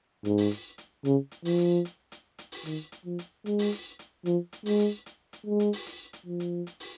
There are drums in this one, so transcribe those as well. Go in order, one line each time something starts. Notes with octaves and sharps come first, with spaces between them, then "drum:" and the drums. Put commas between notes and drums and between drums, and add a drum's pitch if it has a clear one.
G#2, drum: hi-hat
drum: open hi-hat
drum: hi-hat
drum: hi-hat
C#3, drum: hi-hat
drum: hi-hat
F3, drum: open hi-hat
drum: hi-hat
drum: hi-hat
drum: hi-hat
drum: hi-hat
drum: open hi-hat
D#3, drum: hi-hat
drum: hi-hat
F3
drum: hi-hat
G#3, drum: hi-hat
drum: open hi-hat
drum: hi-hat
drum: hi-hat
F3, drum: hi-hat
drum: hi-hat
G#3, drum: open hi-hat
drum: hi-hat
drum: hi-hat
drum: hi-hat
G#3
drum: hi-hat
drum: open hi-hat
drum: hi-hat
drum: hi-hat
F3
drum: hi-hat
drum: hi-hat
drum: open hi-hat